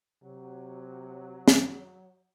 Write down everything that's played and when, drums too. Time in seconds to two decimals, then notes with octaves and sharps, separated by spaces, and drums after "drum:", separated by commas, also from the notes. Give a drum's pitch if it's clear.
0.23 C3 F#3
1.48 drum: snare